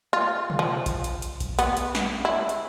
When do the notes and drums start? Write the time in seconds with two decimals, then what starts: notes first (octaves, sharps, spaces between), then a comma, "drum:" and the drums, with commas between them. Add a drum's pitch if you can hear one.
0.13 F4
0.50 drum: tom
0.59 F3
0.86 drum: kick A#1, hi-hat
1.04 drum: hi-hat
1.22 drum: hi-hat
1.40 drum: kick A#1, hi-hat
1.59 B3, drum: hi-hat
1.77 drum: hi-hat
1.95 drum: snare
2.25 E4
2.49 drum: hi-hat